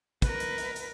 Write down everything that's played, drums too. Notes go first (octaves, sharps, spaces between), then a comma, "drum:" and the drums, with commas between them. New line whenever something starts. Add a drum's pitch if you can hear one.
A#4 B4, drum: kick, hi-hat
drum: hi-hat
drum: hi-hat
drum: hi-hat